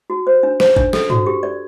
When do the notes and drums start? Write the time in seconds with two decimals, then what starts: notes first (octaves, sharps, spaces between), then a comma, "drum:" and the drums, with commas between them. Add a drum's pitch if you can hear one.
0.10 F#4
0.27 C5
0.43 D4
0.60 C5, drum: snare
0.77 D4, drum: kick
0.93 A4, drum: snare
1.10 F#4, drum: tom
1.26 G4
1.43 D5